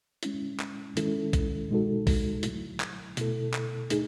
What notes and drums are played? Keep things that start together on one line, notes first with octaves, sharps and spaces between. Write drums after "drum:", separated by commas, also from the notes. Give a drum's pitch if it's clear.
G#3 C#4 E4, drum: hi-hat
drum: clap
D#3 G#3 C#4 E4 A4, drum: hi-hat
drum: kick A#1, hi-hat
B2 G#3 D#4 F#4 A4
drum: kick A#1, open hi-hat
F#3 A3 E4, drum: hi-hat
drum: clap
B2 A3 E4 A4, drum: hi-hat
drum: clap
A3 D#4 G#4, drum: hi-hat